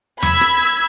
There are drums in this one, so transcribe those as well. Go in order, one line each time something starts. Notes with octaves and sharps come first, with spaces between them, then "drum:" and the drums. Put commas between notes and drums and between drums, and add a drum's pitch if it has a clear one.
B5 E6 G#6 B6, drum: tom E2
drum: rim click